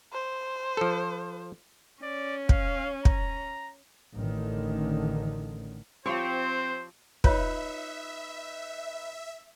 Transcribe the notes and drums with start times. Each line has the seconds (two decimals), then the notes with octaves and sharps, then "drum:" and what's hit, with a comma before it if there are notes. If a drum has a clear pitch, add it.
0.13 C5
0.77 F3 A4
2.03 C#4 D5
2.49 F5, drum: kick
3.05 A#5, drum: kick
4.17 A1 D3 D#3
6.06 F3 C4 G4 C5 C#5
7.24 D#4 F4 B4 C#5 E5 F5, drum: kick